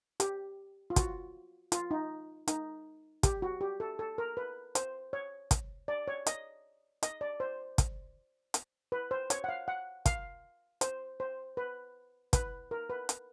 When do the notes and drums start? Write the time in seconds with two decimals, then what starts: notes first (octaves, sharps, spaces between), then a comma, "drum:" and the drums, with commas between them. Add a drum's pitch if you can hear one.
0.20 G4, drum: hi-hat
0.90 F4
0.96 F#4, drum: kick, hi-hat
1.72 F4, drum: hi-hat
1.91 D#4
2.48 D#4, drum: hi-hat
3.23 G4, drum: kick, hi-hat
3.42 F#4
3.61 G4
3.80 A4
3.99 A4
4.18 A#4
4.37 B4
4.75 C5, drum: hi-hat
5.13 C#5
5.51 drum: kick, hi-hat
5.88 D5
6.08 C#5
6.27 D#5, drum: hi-hat
7.03 D#5, drum: hi-hat
7.21 D5
7.40 C5
7.78 drum: kick, hi-hat
8.54 drum: hi-hat
8.92 B4
9.11 C5
9.30 C#5, drum: hi-hat
9.44 F#5
9.49 F5
9.68 F#5
10.06 F5, drum: kick, hi-hat
10.81 C5, drum: hi-hat
11.20 C5
11.57 B4
12.33 B4, drum: kick, hi-hat
12.71 A#4
12.90 B4
13.09 drum: hi-hat